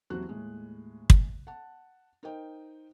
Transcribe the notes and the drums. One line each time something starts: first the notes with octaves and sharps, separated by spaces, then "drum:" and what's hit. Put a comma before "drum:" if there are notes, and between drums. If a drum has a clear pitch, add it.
D#1 E3 F#3 C4 F#4 F#6
D#2 A2 G#3
drum: kick
F#5 A5
D#4 A#4 C5 D#5 G5